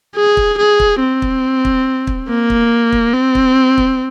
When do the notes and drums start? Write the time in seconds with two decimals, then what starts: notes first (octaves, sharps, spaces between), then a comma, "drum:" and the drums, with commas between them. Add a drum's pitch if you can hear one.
0.16 G#4
0.37 drum: kick
0.58 G#4
0.80 drum: kick
1.00 C4
1.22 drum: kick
1.65 drum: kick
2.07 drum: kick
2.29 A#3
2.50 drum: kick
2.92 drum: kick
3.14 C4
3.35 drum: kick
3.78 drum: kick